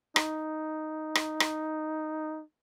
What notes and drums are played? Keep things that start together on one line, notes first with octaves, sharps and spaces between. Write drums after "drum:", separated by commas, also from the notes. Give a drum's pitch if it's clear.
D#4, drum: rim click
drum: rim click
drum: rim click